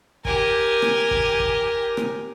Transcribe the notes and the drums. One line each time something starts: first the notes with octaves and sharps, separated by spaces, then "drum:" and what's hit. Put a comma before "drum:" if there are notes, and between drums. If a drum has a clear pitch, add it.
G4 A#4 G#5, drum: kick
drum: rim click
drum: kick
drum: kick
drum: rim click